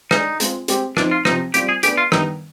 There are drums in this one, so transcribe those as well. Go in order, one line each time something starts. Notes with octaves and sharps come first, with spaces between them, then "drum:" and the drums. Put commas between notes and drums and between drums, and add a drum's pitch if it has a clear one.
G#3 D4 D#4 G#4, drum: rim click
G#3 C4 F4, drum: hi-hat
G#3 C4 G4, drum: hi-hat
F3 C4 D4 D#4, drum: rim click
F4
C3 F3 C4 D#4, drum: rim click
G3 C4 F4 G4 C5, drum: hi-hat
G#4
B3 D4 G4 G#4, drum: hi-hat
F4
D#3 G3 B3 D4 D#4, drum: rim click